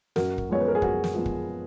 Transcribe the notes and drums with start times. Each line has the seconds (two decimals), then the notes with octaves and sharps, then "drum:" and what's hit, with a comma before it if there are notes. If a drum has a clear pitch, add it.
0.16 F#2 F#4 A#4, drum: snare
0.38 drum: kick
0.49 F3 G#3 B3 C#5
0.60 B4
0.68 A#4
0.75 G#4
0.82 F#2 F#4, drum: kick
1.04 drum: snare
1.14 F3 G#3 B3
1.26 drum: kick